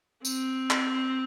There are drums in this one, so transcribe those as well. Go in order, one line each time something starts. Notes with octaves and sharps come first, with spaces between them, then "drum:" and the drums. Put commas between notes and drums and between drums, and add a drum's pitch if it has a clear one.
C4, drum: tambourine
drum: clap